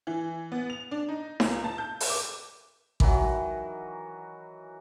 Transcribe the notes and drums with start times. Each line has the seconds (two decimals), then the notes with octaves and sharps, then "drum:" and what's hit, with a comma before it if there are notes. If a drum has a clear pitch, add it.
0.07 E3
0.52 B3
0.70 F7
0.91 D4
1.09 D#4
1.40 C#2, drum: snare D#4
1.64 A5
1.78 G6
2.00 drum: open hi-hat
2.10 D6
3.00 D#3 E3 F#3 F#4, drum: kick A1